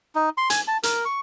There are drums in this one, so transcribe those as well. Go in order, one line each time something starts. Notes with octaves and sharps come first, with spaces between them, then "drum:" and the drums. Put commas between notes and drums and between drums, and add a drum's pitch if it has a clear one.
D#4
C6
G#5, drum: hi-hat
A5
A#4, drum: hi-hat
C#6